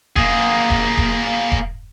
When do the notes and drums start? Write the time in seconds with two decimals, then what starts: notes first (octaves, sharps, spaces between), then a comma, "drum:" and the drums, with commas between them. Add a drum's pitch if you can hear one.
0.16 A#3 G#4, drum: kick E1
0.70 drum: kick E1
0.97 drum: kick E1
1.52 drum: kick E1